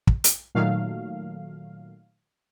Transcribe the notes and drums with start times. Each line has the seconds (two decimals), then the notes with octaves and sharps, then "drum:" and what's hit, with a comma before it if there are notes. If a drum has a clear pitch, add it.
0.07 drum: kick
0.24 drum: hi-hat
0.55 A#2 D#3 F#3 A3 F5